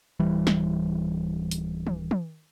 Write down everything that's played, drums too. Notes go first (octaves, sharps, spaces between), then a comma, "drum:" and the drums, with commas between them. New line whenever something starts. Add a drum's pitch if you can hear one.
D1 E3 G3
drum: snare
drum: hi-hat
drum: tom
drum: tom